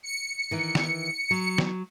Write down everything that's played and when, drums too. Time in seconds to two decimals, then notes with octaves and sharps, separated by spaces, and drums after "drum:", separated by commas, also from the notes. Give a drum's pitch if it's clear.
0.03 C#7
0.51 D#3 E3
0.75 drum: snare
1.31 F#3
1.58 drum: snare